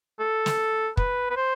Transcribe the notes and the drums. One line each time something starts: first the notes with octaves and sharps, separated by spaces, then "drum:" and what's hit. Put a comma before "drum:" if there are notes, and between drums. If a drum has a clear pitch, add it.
A4
drum: snare
B4, drum: kick
B4
C5